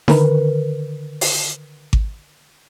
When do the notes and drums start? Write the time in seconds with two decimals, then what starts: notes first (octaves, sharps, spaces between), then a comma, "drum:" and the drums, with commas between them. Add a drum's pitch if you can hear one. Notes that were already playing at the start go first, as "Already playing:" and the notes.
0.08 D3 D#3 A#4 B4, drum: snare D#4
1.21 drum: open hi-hat
1.93 drum: kick G#1